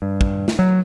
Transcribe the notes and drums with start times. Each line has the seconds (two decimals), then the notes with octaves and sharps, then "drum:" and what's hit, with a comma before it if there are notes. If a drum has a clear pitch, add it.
0.02 G2
0.21 drum: kick
0.48 drum: snare
0.59 F#3